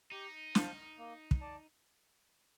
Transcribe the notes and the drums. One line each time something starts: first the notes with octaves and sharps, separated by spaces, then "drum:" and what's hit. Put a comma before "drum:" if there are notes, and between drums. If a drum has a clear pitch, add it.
D#4 G4
C5 F5 A5, drum: snare
A#3
drum: kick
D5 A5